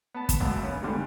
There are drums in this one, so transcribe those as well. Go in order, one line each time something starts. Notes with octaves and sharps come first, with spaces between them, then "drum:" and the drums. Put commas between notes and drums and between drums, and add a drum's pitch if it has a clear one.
B3 A5
drum: kick, hi-hat
C#2 F#2
B3 C#4
G#2 D3 G3 A#3